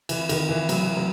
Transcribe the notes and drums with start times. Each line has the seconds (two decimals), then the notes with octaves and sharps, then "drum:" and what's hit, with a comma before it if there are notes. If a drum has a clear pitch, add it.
0.09 E3, drum: cymbal
0.29 D#3, drum: cymbal
0.49 E3
0.69 F#3, drum: cymbal
0.83 E3
0.96 F#3